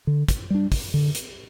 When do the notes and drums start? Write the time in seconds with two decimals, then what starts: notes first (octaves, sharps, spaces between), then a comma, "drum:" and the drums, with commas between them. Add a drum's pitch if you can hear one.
0.07 D3
0.28 drum: kick, hi-hat
0.50 G3 D4
0.72 drum: kick, open hi-hat
0.94 D3
1.15 drum: hi-hat